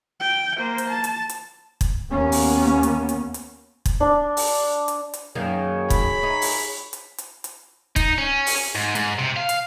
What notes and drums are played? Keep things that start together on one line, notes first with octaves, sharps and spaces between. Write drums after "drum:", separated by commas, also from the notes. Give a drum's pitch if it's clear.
G5
A#3 C5
drum: hi-hat
A5
drum: hi-hat
drum: hi-hat
drum: kick, hi-hat
D#2 A#3 B3 C#4
drum: open hi-hat
drum: hi-hat
drum: hi-hat
drum: hi-hat
drum: kick, hi-hat
D4
drum: open hi-hat
drum: hi-hat
drum: hi-hat
F#2 D#3 A#3 G#4 C#5
B5, drum: kick, hi-hat
D#4
drum: open hi-hat
drum: hi-hat
drum: hi-hat
drum: hi-hat
D#4, drum: kick, hi-hat
C#4
drum: open hi-hat
G#2
G#2, drum: hi-hat
C3
F5
drum: hi-hat